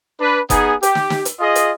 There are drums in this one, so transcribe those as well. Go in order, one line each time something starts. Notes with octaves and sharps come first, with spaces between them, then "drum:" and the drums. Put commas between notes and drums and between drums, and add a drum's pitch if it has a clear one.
D4 B4
B3 D#4 G#4, drum: kick F#1, hi-hat
G4, drum: hi-hat
drum: snare
drum: snare
drum: hi-hat
F4 G#4 D#5
drum: hi-hat